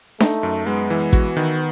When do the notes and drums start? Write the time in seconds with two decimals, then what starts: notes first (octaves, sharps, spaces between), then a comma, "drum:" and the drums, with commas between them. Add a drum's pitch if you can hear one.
0.20 A3 D#4, drum: snare D4
0.43 F#2
0.66 G#3 B3
0.90 E3
1.13 F#4, drum: kick A1
1.37 D#3